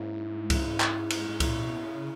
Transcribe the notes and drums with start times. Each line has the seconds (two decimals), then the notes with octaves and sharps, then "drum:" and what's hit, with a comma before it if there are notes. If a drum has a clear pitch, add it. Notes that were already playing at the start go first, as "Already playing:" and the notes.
Already playing: G#2 A#3 C#4 E4
0.50 A#3 C#4 E4, drum: kick C#2, cymbal
0.80 drum: clap
1.10 drum: cymbal
1.29 G#2
1.40 A#2 A#3 C#4 E4, drum: kick C#2, cymbal
1.63 B2
1.85 C#3